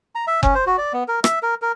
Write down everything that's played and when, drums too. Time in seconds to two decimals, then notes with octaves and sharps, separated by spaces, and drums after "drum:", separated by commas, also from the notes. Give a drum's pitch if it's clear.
0.15 A#5
0.27 E5
0.43 C#4, drum: kick F#1
0.55 C5
0.66 F#4
0.78 D5
0.93 B3
1.08 A#4
1.24 E5, drum: rim click
1.43 A#4
1.62 A#4